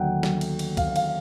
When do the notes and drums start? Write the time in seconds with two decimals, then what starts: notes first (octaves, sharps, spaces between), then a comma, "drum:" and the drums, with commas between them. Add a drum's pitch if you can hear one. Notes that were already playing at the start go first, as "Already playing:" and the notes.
Already playing: D#2 D3 F#3 A3 F#5 G5
0.23 drum: snare
0.41 drum: cymbal
0.59 drum: cymbal
0.77 F5, drum: kick, cymbal
0.96 F5, drum: cymbal